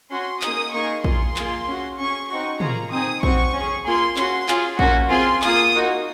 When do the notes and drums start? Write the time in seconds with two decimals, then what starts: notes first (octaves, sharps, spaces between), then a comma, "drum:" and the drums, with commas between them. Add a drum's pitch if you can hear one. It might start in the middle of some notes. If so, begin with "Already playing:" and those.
0.11 C#4 F#4 C6
0.42 A#3 D#4 G#4 D#6, drum: clap
0.73 A#3 D#4 G#4 C#6
1.04 A#3 F4 G#4 C6, drum: kick A#1
1.36 A#3 F4 G#4, drum: clap
1.67 C#4 F#4
1.98 C#4 G#4 C#6
2.29 C4 D#4 F#4 C#6
2.60 A#3 F4 G#4 A#5, drum: tom
2.92 C4 D#4 G#4 D#6
3.23 C4 F#4 C#6, drum: kick A#1
3.54 C#4
3.59 G#4
3.86 A#3 F4 G#4 C6
4.16 C#4 F#4 C6, drum: clap
4.48 C#4 F4 G#4, drum: clap
4.79 A#3 C#4 F#4, drum: kick A#1
5.10 C4 F4 G#4 C6
5.42 A#3 F4 G#4 D#6, drum: clap
5.73 A#3 D#4 F#4